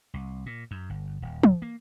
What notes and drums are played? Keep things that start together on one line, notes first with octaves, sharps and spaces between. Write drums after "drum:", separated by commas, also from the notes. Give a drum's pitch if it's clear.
C2
A#2
F#2
G1
D#1
drum: tom
A#3